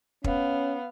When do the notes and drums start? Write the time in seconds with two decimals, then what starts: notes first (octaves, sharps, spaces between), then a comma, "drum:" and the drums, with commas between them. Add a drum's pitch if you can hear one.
0.24 B3 C#4 F5, drum: kick